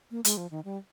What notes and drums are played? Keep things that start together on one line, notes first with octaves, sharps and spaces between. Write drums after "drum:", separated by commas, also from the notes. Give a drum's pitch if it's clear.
A#3
G#3, drum: hi-hat
F3
D#3
G3